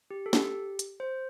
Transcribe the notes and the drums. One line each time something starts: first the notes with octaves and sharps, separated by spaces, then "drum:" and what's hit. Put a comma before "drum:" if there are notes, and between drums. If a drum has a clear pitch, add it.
G4
A4
G4, drum: snare
drum: hi-hat
C5